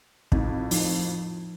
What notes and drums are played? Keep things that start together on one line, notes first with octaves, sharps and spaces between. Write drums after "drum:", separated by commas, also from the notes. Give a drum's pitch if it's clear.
F2 A2 D#4, drum: kick
F3 D#4, drum: open hi-hat